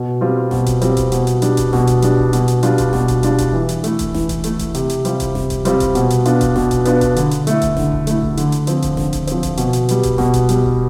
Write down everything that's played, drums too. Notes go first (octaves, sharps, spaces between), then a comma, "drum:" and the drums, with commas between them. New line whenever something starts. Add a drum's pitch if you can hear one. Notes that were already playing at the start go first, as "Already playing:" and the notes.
Already playing: B2
G3 C4 F4
B2, drum: snare G#1
drum: kick D#1, hi-hat
G3 C4 F4, drum: hi-hat
drum: kick D#1, hi-hat
B2, drum: hi-hat
drum: hi-hat
G3 D4, drum: hi-hat
drum: kick D#1, hi-hat
B2, drum: snare G#1
drum: kick D#1, hi-hat
G3 D4, drum: hi-hat
drum: kick D#1
B2, drum: hi-hat
drum: hi-hat
G3 D4 F4, drum: hi-hat
drum: kick D#1, hi-hat
B2, drum: snare G#1
drum: kick D#1, hi-hat
G3 D4 F4, drum: hi-hat
drum: kick D#1, hi-hat
E3
drum: hi-hat
A3 E4, drum: hi-hat
drum: kick D#1, hi-hat
E3, drum: snare G#1
drum: kick D#1, hi-hat
A3 E4, drum: hi-hat
drum: kick D#1, hi-hat
C3, drum: hi-hat
drum: hi-hat
G3 C4 F4, drum: hi-hat
drum: kick D#1, hi-hat
C3, drum: snare G#1
drum: kick D#1, hi-hat
G3 C4 F4, drum: hi-hat
drum: kick D#1, hi-hat
B2, drum: hi-hat
drum: hi-hat
B3 D4 F4, drum: hi-hat
drum: kick D#1, hi-hat
B2, drum: snare G#1
drum: kick D#1, hi-hat
B3 D4 F4, drum: hi-hat
drum: kick D#1, hi-hat
D3, drum: hi-hat
drum: hi-hat
A3 E4, drum: hi-hat
drum: kick D#1, hi-hat
D3, drum: snare G#1
drum: kick D#1
A3 E4, drum: hi-hat
drum: kick D#1
D3, drum: hi-hat
drum: hi-hat
F3 C4, drum: hi-hat
drum: kick D#1, hi-hat
D3, drum: snare G#1
drum: kick D#1, hi-hat
F3 C4, drum: hi-hat
drum: kick D#1, hi-hat
B2, drum: hi-hat
drum: hi-hat
G3 B3, drum: hi-hat
drum: kick D#1, hi-hat
B2, drum: snare G#1
drum: kick D#1, hi-hat
G3 B3, drum: hi-hat
drum: kick D#1